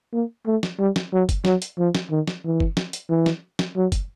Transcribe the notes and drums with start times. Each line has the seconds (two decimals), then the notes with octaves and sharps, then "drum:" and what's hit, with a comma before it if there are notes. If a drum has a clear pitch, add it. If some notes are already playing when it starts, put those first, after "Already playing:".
0.13 A#3
0.46 A3
0.63 drum: snare
0.79 G3
0.96 drum: snare
1.13 F#3
1.29 drum: kick F#1, hi-hat
1.45 F#3, drum: snare
1.62 drum: hi-hat
1.78 F3
1.95 drum: snare
2.10 D#3
2.27 drum: snare
2.44 E3
2.60 drum: kick F#1
2.77 drum: snare
2.93 drum: hi-hat
3.09 E3
3.26 drum: snare
3.59 drum: snare
3.76 F#3
3.92 drum: kick F#1, hi-hat